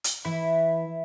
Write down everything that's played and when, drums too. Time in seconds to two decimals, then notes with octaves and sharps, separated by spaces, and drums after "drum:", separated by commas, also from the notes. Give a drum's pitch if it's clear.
0.04 drum: hi-hat
0.25 E3 E4